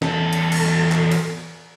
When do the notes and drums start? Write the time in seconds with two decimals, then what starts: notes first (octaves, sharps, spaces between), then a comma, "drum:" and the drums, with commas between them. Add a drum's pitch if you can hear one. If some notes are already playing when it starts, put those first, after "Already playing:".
0.02 E2 A4, drum: snare
0.33 drum: hi-hat
0.52 drum: cymbal
0.92 drum: clap
1.11 drum: cymbal